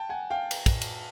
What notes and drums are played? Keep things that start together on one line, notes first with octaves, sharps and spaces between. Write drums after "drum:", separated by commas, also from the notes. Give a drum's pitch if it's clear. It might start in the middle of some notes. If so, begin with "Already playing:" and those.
Already playing: G5 A5
F#5 G#5
F5 G5
drum: cymbal
drum: kick, cymbal
drum: cymbal